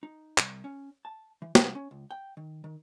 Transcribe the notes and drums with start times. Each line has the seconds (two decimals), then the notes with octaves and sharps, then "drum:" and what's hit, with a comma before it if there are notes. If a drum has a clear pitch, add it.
0.03 D#4
0.38 C2, drum: clap
0.64 C#4
1.05 A5
1.42 E3
1.55 C2, drum: snare
1.75 C#4
1.91 C#2
2.11 G5
2.37 D#3
2.64 D#3